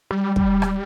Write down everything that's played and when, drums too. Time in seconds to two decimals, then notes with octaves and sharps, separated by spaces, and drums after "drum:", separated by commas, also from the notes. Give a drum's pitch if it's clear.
0.11 G3
0.36 G3, drum: kick
0.62 drum: rim click